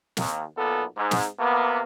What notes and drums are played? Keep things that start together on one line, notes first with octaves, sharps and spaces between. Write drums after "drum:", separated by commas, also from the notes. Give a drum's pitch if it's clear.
D#2, drum: snare
B1 A#2 B3 A4
G#2
drum: snare
C3 A#3 B3